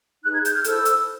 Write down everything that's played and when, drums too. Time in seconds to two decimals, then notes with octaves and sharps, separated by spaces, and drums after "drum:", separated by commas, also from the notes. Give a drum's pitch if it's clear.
0.24 D#4 G#4 B4 F#6
0.33 G#6
0.45 G6, drum: hi-hat
0.55 F6
0.64 E4 A4 C5 E6, drum: hi-hat
0.85 drum: hi-hat